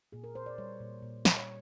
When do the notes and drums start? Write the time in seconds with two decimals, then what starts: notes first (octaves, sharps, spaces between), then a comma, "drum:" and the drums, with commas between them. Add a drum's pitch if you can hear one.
0.12 A#2 G#4
0.24 A#4
0.35 A#2 C5
0.46 D5
0.58 G3 C#5
0.81 A#2
1.02 A#2
1.25 G3, drum: snare
1.37 C#5